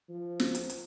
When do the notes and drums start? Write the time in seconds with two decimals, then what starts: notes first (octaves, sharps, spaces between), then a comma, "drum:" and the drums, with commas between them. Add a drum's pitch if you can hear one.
0.09 F3
0.40 drum: snare
0.55 drum: hi-hat
0.70 drum: hi-hat